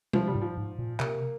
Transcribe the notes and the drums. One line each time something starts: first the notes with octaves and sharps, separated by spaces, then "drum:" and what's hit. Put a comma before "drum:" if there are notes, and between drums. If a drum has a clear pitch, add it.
C3 F3, drum: tom
G3
G#2
F3
G#2
A#2
C3 A#3, drum: clap